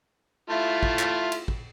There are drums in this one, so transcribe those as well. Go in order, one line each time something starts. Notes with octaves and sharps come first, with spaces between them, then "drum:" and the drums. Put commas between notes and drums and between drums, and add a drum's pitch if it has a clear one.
A3 E4 F4
drum: kick
drum: clap
drum: cymbal
drum: kick